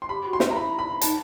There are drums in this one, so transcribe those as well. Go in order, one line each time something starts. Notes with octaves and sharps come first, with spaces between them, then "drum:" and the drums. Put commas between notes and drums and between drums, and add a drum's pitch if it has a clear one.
C6
G4 B5
F#4
C6
E4, drum: snare
A#5
B5
B5
D#4 A5, drum: hi-hat